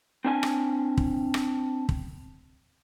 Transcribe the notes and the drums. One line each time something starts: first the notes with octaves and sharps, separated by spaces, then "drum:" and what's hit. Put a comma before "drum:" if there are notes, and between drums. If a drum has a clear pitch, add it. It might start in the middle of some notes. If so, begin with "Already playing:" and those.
C4 D4 G#5
drum: rim click
drum: kick
drum: rim click
drum: kick